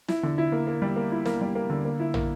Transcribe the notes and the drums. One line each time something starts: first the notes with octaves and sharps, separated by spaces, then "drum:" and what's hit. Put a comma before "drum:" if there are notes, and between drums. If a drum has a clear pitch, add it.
E4, drum: snare
D3
E4
A#3
A#3
G3
A#3
E4
A#3, drum: snare
G3
A#3
D3
A#3
E4
A#3, drum: tom